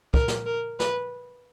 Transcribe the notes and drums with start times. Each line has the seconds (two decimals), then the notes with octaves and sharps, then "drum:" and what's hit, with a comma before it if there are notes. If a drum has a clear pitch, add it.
0.14 A#4, drum: kick
0.28 drum: snare
0.46 A#4
0.80 B4, drum: snare